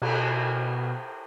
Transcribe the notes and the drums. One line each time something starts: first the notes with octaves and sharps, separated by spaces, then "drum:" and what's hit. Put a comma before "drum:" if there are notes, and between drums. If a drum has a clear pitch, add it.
B2, drum: cymbal